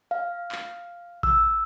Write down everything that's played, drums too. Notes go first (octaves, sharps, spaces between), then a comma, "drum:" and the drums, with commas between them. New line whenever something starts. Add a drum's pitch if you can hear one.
F5
drum: clap
E6, drum: kick A#1